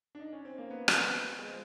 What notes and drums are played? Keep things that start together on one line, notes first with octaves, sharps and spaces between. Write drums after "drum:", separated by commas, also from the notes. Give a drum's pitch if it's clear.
D4
D#4
C#4
C4
A#3
B3
C4, drum: rim click
B3
G#3
F3